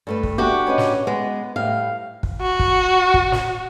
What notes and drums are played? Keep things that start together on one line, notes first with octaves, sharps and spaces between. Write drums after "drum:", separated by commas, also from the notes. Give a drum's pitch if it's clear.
G2 A3 B4
drum: kick
D4 F#4 G4
C#4 B4 D#5
drum: snare
G#3 B3
A2 G3 F5
drum: kick
F#4
drum: kick
drum: kick
drum: snare